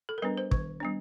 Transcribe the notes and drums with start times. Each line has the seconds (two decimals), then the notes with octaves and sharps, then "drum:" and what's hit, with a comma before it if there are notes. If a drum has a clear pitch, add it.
0.09 A4
0.18 A#4
0.22 G3 B3 D4 B4
0.37 C5
0.51 D#3, drum: kick
0.80 G3 B3 D4